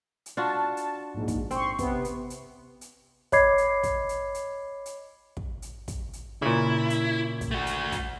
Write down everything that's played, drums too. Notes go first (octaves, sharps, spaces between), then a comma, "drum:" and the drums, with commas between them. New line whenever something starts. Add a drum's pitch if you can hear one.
drum: hi-hat
D4 F4 F#4 A5
drum: hi-hat
A#1 G#2
drum: kick, hi-hat
C4 C6 C#6, drum: hi-hat
C3 B3, drum: kick, hi-hat
drum: hi-hat
drum: hi-hat
drum: hi-hat
C#5 D#5 B5 D6 G#6 C7, drum: kick, hi-hat
drum: hi-hat
drum: kick, hi-hat
drum: hi-hat
drum: hi-hat
drum: hi-hat
drum: kick
drum: hi-hat
drum: kick, hi-hat
drum: hi-hat
A#2 C#3 E4
drum: hi-hat
drum: kick, hi-hat
A3 F#4
drum: hi-hat
drum: kick, hi-hat